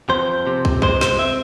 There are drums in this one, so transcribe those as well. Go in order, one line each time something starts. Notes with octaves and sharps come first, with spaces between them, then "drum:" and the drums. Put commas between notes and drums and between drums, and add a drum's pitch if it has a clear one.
F2 C5
C3
drum: kick
G#3 C5, drum: kick
C5, drum: snare
C4 E5